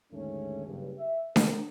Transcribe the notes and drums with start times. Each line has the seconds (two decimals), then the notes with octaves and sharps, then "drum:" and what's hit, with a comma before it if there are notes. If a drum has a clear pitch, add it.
0.13 D#2 G#2 D3 G#3 A3 C#4
0.66 F#1 G2
0.99 E5
1.36 A#4, drum: snare D4